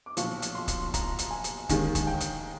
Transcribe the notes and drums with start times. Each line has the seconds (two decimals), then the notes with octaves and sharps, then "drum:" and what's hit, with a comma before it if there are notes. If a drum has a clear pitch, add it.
0.06 D6
0.17 B1 A#2 F3 C#6, drum: hi-hat
0.42 drum: hi-hat
0.55 C6
0.68 drum: kick, hi-hat
0.94 A#5, drum: kick, hi-hat
1.19 drum: hi-hat
1.31 G#5
1.44 drum: hi-hat
1.69 D#2 D#3 G#3 G#5, drum: kick, hi-hat
1.95 drum: kick, hi-hat
2.07 G5
2.20 drum: hi-hat